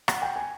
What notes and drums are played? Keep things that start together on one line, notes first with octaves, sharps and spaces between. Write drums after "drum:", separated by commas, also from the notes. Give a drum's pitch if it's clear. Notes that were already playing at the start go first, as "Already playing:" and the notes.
F#5, drum: rim click
G5
G#5